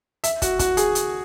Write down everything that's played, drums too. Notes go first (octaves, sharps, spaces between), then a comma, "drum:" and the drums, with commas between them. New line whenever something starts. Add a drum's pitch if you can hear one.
E5, drum: hi-hat
F#4, drum: kick, hi-hat
F#4, drum: kick, hi-hat
G#4, drum: hi-hat
drum: hi-hat